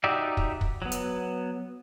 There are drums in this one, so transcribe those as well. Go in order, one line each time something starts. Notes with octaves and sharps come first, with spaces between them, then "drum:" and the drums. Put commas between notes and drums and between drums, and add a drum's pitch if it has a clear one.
D#4 F#4 G4 D5 E5
drum: kick
drum: kick
F#3 B3
drum: hi-hat